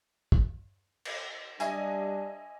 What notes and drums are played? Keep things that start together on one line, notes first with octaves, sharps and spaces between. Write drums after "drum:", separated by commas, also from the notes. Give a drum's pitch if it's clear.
drum: kick
drum: cymbal
G3 D4 D#5 E5 G#5, drum: hi-hat